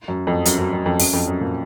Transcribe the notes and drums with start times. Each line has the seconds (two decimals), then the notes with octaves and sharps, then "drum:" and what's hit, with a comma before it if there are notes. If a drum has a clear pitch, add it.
0.08 F#2
0.27 F2
0.45 F#2, drum: hi-hat
0.58 F#2
0.73 F#2
0.86 F2
1.00 F#2, drum: open hi-hat
1.13 F2
1.27 F#2
1.41 A#2